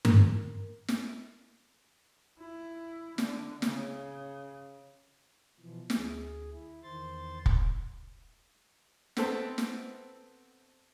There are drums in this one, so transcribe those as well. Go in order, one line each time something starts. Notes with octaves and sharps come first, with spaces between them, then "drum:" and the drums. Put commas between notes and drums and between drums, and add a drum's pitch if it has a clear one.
A#4, drum: tom G2
drum: snare
E4
D3, drum: snare
C#3, drum: snare
B2 E3 F3
D2 G#4, drum: snare
E4
E2 D#3 C5 C6 A6
drum: kick
B3 C4 A4, drum: snare
drum: snare